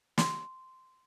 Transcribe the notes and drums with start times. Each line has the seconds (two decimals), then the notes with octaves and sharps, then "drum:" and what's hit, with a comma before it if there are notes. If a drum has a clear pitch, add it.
0.18 C6, drum: snare